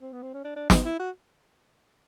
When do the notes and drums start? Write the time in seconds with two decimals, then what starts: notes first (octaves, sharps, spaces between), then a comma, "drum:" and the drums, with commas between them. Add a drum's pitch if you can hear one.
0.02 C4
0.13 B3
0.22 C4
0.34 C#4
0.44 D4
0.56 D4
0.70 D#4, drum: snare
0.85 E4
1.00 F#4